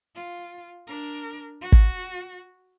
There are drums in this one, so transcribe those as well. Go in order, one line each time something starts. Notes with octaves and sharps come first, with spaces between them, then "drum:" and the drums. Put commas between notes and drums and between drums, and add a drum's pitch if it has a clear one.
F4
D4 A#4
F#4
drum: kick